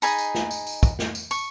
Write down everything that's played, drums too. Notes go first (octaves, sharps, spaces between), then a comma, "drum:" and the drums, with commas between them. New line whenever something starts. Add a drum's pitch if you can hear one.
D#4 G#4 D#5 B5, drum: tambourine
drum: tambourine
drum: snare
drum: tambourine
drum: tambourine
drum: kick, tambourine
drum: snare
drum: tambourine
C#6, drum: tambourine